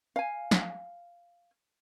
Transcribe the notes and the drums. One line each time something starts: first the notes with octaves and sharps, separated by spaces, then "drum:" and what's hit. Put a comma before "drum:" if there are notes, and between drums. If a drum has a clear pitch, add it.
F5 G#5
drum: snare